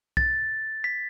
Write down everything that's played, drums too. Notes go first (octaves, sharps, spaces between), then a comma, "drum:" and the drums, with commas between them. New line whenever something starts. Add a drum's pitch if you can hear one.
A6, drum: kick B1
B6